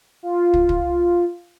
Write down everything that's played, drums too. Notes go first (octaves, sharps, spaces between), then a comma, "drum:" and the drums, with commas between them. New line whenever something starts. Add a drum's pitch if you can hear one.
F4
drum: kick
drum: kick